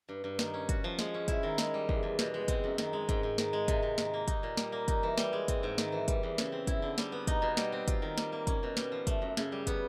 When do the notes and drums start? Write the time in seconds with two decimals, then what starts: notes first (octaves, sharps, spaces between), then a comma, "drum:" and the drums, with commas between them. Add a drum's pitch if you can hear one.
0.09 G2
0.24 G2
0.39 D#3, drum: snare
0.54 C#4
0.69 F#4, drum: kick, hi-hat
0.84 F3
0.99 G#3, drum: snare
1.14 C#4
1.28 E4, drum: kick, hi-hat
1.43 D#3
1.58 G#3, drum: snare
1.74 G3
1.89 E2, drum: kick
2.03 E2
2.19 B2, drum: snare
2.34 G#3
2.48 C4, drum: kick, hi-hat
2.64 F#2
2.78 D#3, drum: snare
2.93 G#3
3.09 G#2, drum: kick, hi-hat
3.23 G#2
3.38 D#3, drum: snare
3.53 G#3
3.68 C3, drum: kick, hi-hat
3.82 C3
3.98 D#3, drum: snare
4.14 A#3
4.28 D#4, drum: kick, hi-hat
4.43 A#2
4.57 G3, drum: snare
4.72 A#3
4.88 D#4, drum: kick, hi-hat
5.03 E3
5.18 G3, drum: snare
5.33 G#3
5.48 C4, drum: kick, hi-hat
5.63 G#2
5.78 D#3, drum: snare
5.92 E3
6.08 G3, drum: kick, hi-hat
6.23 E2
6.38 C#3, drum: snare
6.52 C4
6.67 E4, drum: kick, hi-hat
6.82 D3
6.98 G3, drum: snare
7.12 B3
7.27 D#4, drum: kick, hi-hat
7.42 B2
7.57 G3, drum: snare
7.72 C4
7.88 F4, drum: kick, hi-hat
8.02 D#3
8.18 G3, drum: snare
8.32 A#3
8.47 C#4, drum: kick, hi-hat
8.63 B2
8.77 G3, drum: snare
8.92 F3
9.07 A3, drum: kick, hi-hat
9.22 F#2
9.37 C#3, drum: snare
9.52 G3
9.67 B3, drum: kick, hi-hat